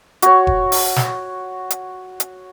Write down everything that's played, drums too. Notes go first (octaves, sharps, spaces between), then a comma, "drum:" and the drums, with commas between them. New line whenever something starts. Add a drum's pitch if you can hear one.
F#4 C#5, drum: hi-hat
drum: kick E1
drum: open hi-hat
drum: snare
drum: hi-hat
drum: hi-hat